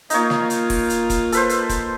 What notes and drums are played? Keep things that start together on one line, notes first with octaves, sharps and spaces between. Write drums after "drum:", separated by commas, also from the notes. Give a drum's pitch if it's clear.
A#3 D#4 F4 C#5, drum: hi-hat
drum: snare
drum: hi-hat
drum: kick E1, open hi-hat
drum: hi-hat
drum: kick E1, hi-hat
A4 B4 C5, drum: hi-hat
drum: hi-hat
drum: kick E1, hi-hat